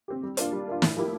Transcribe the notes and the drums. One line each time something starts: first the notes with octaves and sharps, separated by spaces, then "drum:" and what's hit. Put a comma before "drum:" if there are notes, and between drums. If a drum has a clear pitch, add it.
C4 G4
G3
A#3 D4 F4, drum: hi-hat
G3
A#3 D4 F4
A2, drum: snare
F3 A#3 E4 G4